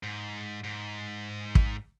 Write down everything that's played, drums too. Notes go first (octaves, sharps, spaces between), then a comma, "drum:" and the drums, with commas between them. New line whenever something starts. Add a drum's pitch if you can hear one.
G#2
G#2
drum: kick